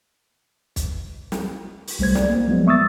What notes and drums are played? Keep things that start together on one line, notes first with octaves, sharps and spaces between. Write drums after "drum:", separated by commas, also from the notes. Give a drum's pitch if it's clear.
drum: kick, hi-hat
drum: snare
drum: open hi-hat
C2 G3 A3 C5 G#6
D5, drum: snare
A#3
F3 F#3 G#3 B3
E5 C#6 D#6 E6 A6